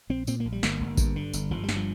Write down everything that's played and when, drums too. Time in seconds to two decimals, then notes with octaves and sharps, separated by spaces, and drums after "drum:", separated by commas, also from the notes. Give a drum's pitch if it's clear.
0.10 A#1 C4
0.27 A#2 C4, drum: tambourine
0.40 A#3
0.45 A#1
0.52 G3
0.63 G1 A#3, drum: snare
0.80 G1
0.97 G2, drum: kick A1, tambourine
1.16 D3
1.33 G1, drum: tambourine
1.51 G1 F3
1.63 G3
1.69 G2, drum: snare
1.76 F3